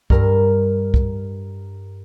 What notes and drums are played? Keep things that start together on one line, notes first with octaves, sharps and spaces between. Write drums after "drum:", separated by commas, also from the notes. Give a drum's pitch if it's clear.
G2 A#4, drum: kick C2
drum: kick C2